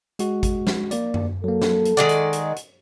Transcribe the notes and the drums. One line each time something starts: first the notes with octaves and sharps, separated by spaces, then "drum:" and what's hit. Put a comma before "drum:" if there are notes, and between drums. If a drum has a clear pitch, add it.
G#3 F#4, drum: hi-hat
drum: kick G#1, hi-hat
drum: snare
A#3 D5, drum: hi-hat
drum: tom F#2
F#3 A#3 A4
drum: snare
drum: hi-hat
D#3 G#3 D5 F#5
drum: hi-hat
drum: hi-hat
drum: hi-hat